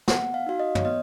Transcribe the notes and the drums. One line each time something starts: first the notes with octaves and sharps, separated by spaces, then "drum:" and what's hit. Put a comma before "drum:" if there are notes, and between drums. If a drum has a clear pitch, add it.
B3 F#5, drum: snare
F5
D#4 F#4 F5
D#5
C#5, drum: tom
B3 D#5